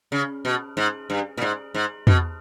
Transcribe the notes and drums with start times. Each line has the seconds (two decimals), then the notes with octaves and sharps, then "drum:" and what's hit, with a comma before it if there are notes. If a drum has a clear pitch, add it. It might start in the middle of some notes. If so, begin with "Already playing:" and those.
0.12 C#3
0.45 B2
0.77 G#2
1.10 G2
1.37 A#2
1.41 G#2
1.75 G#2
2.07 B2, drum: tom